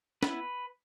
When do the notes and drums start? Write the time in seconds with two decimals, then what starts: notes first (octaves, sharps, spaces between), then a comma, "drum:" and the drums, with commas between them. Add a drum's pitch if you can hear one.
0.23 B3 E4 B4, drum: snare